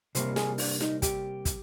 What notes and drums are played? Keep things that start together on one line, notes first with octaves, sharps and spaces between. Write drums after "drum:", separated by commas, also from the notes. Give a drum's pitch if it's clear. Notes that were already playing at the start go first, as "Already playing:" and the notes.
C3 G3 A#3 C5, drum: hi-hat
G#4, drum: snare
D4, drum: open hi-hat
D#4, drum: snare
G4, drum: kick, hi-hat
drum: kick, hi-hat